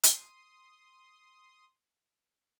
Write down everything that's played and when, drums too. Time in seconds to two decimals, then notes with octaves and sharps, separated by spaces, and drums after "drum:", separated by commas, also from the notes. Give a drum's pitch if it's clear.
0.03 C6 D#6, drum: hi-hat